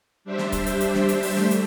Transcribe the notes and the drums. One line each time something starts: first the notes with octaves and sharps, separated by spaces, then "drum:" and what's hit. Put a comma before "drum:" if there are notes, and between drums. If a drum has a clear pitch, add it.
G3 D4 G4 C5 E5
drum: snare
drum: kick C#1, hi-hat
drum: hi-hat
drum: hi-hat
drum: snare
drum: hi-hat
drum: open hi-hat
A3, drum: snare
drum: hi-hat